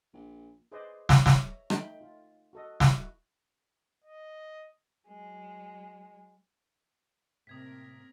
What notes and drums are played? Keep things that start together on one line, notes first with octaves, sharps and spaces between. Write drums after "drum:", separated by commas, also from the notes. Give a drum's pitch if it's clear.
A#1
G#4 B4 C5 D5 D#5
drum: snare
C#5 E5 A#5, drum: snare
A3 D#4 G5 B5, drum: rim click
F4
F#4 A4 D#5
E4 F#4, drum: snare
D#5
F#3 G#3
A2 C3 A#3 C4 A#4 D#6 G#6 B6